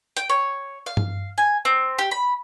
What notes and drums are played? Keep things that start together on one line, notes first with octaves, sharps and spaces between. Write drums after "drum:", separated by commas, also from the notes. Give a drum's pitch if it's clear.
G5, drum: hi-hat
C#5
F5
drum: tom G2
G#5
C4
G4
B5